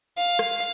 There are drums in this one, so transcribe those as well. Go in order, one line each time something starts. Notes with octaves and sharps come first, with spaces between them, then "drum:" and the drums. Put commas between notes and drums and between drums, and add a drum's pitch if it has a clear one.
F5
drum: rim click